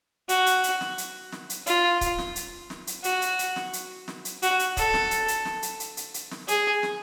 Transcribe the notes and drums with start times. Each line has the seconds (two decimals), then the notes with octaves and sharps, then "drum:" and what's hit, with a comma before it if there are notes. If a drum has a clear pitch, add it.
0.29 F#4, drum: hi-hat
0.46 drum: hi-hat
0.64 drum: hi-hat
0.81 drum: snare
0.98 drum: hi-hat
1.32 drum: snare
1.50 drum: hi-hat
1.66 F4, drum: hi-hat
2.01 drum: kick C#1, hi-hat
2.18 drum: snare
2.36 drum: hi-hat
2.70 drum: snare
2.87 drum: hi-hat
3.04 F#4, drum: hi-hat
3.22 drum: hi-hat
3.39 drum: hi-hat
3.56 drum: snare
3.73 drum: hi-hat
4.08 drum: snare
4.25 drum: hi-hat
4.42 F#4, drum: hi-hat
4.59 drum: hi-hat
4.77 A4, drum: kick C#1, hi-hat
4.94 drum: snare
5.11 drum: hi-hat
5.28 drum: hi-hat
5.45 drum: snare
5.63 drum: hi-hat
5.80 drum: hi-hat
5.97 drum: hi-hat
6.14 drum: hi-hat
6.31 drum: snare
6.48 G#4, drum: hi-hat
6.83 drum: snare